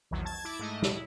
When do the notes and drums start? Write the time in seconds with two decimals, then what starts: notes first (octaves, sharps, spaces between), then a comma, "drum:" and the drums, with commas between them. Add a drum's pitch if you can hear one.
0.11 A#1 E2 D#3 F#3
0.25 A5 G#6 A6
0.45 E4 D6 G#6
0.59 G#2 A3 D#5
0.82 E4, drum: snare